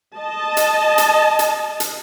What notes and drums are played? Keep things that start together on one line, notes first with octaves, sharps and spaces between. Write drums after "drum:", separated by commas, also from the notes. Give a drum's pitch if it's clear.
D#5 A5
drum: hi-hat
drum: hi-hat
drum: hi-hat
drum: hi-hat